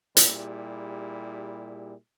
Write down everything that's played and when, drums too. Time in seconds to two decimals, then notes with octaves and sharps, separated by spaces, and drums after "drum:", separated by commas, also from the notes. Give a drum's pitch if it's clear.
0.17 A#2 G3 E4 G4 G#4, drum: hi-hat